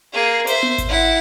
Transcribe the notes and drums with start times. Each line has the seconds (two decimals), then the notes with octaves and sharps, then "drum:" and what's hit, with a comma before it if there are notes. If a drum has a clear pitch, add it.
0.13 A#3 G#4
0.47 C5 E5, drum: hi-hat
0.63 drum: tom B3
0.78 drum: kick G#1, hi-hat
0.89 E4 F#5